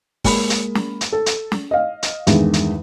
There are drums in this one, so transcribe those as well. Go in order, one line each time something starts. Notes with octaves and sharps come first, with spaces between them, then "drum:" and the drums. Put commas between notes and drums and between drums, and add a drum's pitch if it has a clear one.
G#3 A#3 B5, drum: kick, open hi-hat
drum: hi-hat
drum: snare
drum: hi-hat
A4
drum: hi-hat
drum: snare
D#5 F5
drum: hi-hat
E2 G2 D#3 E3 G#3, drum: hi-hat
drum: hi-hat